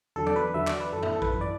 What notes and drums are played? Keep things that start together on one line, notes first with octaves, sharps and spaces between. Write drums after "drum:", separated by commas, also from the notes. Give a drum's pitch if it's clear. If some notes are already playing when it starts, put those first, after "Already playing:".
E2 D3 F#3 A4
D5, drum: tom E3
B4
E2 D3 F#3 E5
D5, drum: clap
B4
F#2 E3 A4
E4, drum: tom
A4
B4, drum: kick A1
F#2 E3 B4
D5